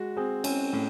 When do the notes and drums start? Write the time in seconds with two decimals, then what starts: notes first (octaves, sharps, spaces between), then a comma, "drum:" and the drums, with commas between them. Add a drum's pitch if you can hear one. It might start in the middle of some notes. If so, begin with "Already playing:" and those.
Already playing: G#3 F#4
0.17 C4 G#4
0.44 C4 C#4, drum: cymbal
0.73 A2